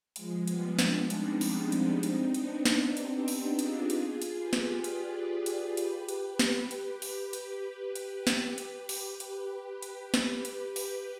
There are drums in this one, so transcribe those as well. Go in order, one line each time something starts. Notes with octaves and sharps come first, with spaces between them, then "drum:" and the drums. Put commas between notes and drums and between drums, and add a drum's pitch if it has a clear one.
F3 G#3, drum: hi-hat
G3 B3, drum: hi-hat
B3 D4, drum: snare
C4 D#4, drum: hi-hat
drum: open hi-hat
drum: hi-hat
C4 D#4, drum: hi-hat
B3 D4, drum: hi-hat
C4 D#4, drum: snare
D#4 G4, drum: hi-hat
D#4 G4, drum: open hi-hat
F4 G#4, drum: hi-hat
F4 G#4, drum: hi-hat
drum: hi-hat
G4 B4
drum: snare
B4 D5, drum: hi-hat
drum: hi-hat
G4 B4, drum: hi-hat
drum: hi-hat
G4 B4, drum: snare
drum: hi-hat
drum: open hi-hat
drum: hi-hat
drum: hi-hat
drum: snare
drum: hi-hat
drum: open hi-hat
drum: hi-hat
drum: hi-hat
drum: snare
drum: hi-hat
drum: open hi-hat